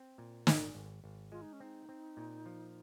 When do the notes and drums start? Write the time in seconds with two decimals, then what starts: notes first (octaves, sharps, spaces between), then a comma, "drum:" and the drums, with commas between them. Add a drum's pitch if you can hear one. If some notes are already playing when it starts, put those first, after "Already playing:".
Already playing: C4
0.18 A#2
0.47 G#1, drum: snare
0.75 G#1
1.04 G#1
1.31 G#3 F4
1.42 D#4
1.53 C#4
1.60 C4 D#4
1.89 C4
2.17 A#2
2.46 F3